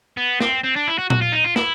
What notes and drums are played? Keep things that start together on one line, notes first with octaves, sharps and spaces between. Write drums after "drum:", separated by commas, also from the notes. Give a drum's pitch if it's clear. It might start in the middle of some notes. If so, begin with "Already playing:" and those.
B3
C4, drum: snare
C4
D4
E4
F#4
F#4, drum: tom A#2
F4
D#4
F4
E4, drum: snare